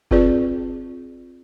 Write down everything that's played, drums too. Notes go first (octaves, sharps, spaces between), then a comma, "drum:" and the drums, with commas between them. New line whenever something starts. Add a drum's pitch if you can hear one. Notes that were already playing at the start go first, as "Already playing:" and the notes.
C4 F4 G#4 B4 D5, drum: kick F#1